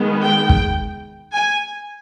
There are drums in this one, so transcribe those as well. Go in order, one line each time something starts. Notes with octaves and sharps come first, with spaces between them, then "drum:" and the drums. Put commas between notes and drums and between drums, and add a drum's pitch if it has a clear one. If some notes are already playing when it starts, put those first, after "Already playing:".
Already playing: D#3 G#3 B3
G5
drum: kick
G#5